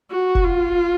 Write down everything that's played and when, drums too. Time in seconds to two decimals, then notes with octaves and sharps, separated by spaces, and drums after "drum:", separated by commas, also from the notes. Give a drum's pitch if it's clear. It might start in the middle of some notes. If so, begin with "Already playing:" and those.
0.11 F#4
0.35 drum: kick F1
0.44 F4